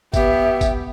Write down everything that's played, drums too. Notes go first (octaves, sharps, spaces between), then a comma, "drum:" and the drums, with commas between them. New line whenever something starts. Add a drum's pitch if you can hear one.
B3 G4 E5, drum: kick, tambourine
drum: kick, tambourine